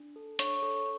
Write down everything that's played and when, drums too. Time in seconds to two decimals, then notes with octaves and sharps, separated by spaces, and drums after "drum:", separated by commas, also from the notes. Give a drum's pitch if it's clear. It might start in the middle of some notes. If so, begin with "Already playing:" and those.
Already playing: D4
0.16 A4
0.39 D4 C#5 C#6, drum: hi-hat
0.62 A4